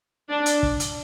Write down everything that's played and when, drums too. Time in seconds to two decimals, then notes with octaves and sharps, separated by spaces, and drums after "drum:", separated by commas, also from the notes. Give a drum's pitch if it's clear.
0.29 D4
0.46 drum: hi-hat
0.63 drum: kick
0.80 drum: hi-hat